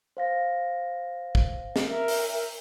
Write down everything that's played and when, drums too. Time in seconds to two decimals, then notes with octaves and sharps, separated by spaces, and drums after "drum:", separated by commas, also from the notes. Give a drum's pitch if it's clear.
0.17 C5 F5 A#6
1.35 drum: kick
1.76 drum: snare
1.87 A#4 E5
2.08 drum: open hi-hat